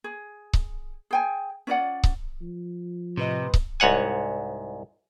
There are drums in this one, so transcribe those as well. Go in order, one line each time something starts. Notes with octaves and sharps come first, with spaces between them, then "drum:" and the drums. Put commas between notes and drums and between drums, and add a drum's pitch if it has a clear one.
G#4
drum: kick C#1
G#4 G5 G#5
C#4 F4 D5 F#5
drum: kick C#1
F3
A2 C3 B4 D#5
drum: kick C#1
C2 G#2 C#5 F#5 G#5